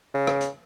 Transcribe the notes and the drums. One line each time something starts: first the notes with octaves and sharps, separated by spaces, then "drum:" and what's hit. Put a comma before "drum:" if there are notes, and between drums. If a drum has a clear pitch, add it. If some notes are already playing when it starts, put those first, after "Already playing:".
C#3
drum: rim click
drum: hi-hat